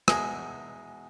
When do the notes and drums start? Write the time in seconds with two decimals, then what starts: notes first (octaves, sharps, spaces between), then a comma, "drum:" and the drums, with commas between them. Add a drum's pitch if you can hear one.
0.08 E2 B2 G#3 D#4 G#4, drum: rim click